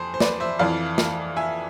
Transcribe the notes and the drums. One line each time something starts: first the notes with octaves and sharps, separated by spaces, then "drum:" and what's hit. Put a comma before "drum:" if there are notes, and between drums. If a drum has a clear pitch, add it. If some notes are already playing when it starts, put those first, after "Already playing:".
Already playing: F2 C5 G#5
C5
B4 D5, drum: snare
C5 E5
F2 E3 D5 F5
drum: snare
E5 G#5